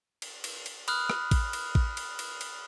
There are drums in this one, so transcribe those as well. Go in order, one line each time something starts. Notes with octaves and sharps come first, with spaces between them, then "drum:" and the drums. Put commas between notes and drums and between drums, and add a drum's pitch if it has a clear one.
drum: cymbal
drum: cymbal
drum: cymbal
B5 D#6 F6 F#6, drum: cymbal
drum: rim click
drum: kick A1, cymbal
drum: cymbal
drum: kick A1
drum: cymbal
drum: cymbal
drum: cymbal